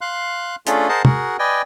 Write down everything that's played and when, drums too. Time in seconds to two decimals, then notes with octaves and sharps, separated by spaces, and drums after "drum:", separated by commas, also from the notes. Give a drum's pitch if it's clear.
0.01 F5 C6 F#6
0.67 A3 C#4 D4 F4 G#4 A4, drum: hi-hat
0.89 G#4 A#4 C5 D#5 F#5 A5
1.05 F#4 G#4 A#4 F#5, drum: tom
1.39 B4 D5 D#5 G5 G#5